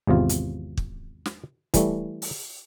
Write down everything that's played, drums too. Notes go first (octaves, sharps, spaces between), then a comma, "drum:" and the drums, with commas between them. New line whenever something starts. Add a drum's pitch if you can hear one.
G#1 E2 C3 F4
drum: hi-hat
drum: kick
drum: snare
E3 G3 A3, drum: kick, hi-hat
drum: open hi-hat